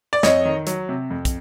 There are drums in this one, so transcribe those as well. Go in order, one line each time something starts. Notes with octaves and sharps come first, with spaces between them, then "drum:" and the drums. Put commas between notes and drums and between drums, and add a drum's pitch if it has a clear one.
D5
F2 C#5 D#5, drum: snare
D#3
F#3, drum: hi-hat
C3
F2
drum: kick, hi-hat